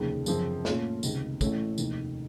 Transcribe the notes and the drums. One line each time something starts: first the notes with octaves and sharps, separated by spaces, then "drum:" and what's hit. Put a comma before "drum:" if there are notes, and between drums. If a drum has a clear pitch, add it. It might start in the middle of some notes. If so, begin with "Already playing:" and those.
Already playing: F1 D#2 C#3 F3
F#2 C#3 F3 C4, drum: tambourine
A#2 A3 C#4 F4 A4, drum: snare
C#2 C3 D#3, drum: tambourine
A1 A2 A3 C#4, drum: kick, tambourine
F1 D#2 D#3, drum: tambourine